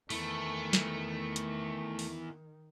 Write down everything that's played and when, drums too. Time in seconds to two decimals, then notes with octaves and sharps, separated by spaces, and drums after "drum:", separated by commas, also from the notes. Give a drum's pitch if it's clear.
0.10 D#3 A3 B3 E4, drum: open hi-hat
0.73 drum: snare
1.36 drum: hi-hat
1.99 drum: open hi-hat